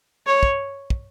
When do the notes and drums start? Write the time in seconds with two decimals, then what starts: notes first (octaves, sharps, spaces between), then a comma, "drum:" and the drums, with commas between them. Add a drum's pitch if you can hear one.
0.27 C#5
0.43 drum: kick
0.90 drum: kick